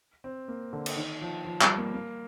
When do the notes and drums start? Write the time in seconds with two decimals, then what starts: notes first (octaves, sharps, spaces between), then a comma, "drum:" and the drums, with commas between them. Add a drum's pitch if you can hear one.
0.24 C4
0.48 A#3
0.73 D3
0.86 drum: cymbal
0.96 D#3
1.21 F3
1.45 F3
1.61 G3, drum: clap
1.78 A#3
1.94 A#3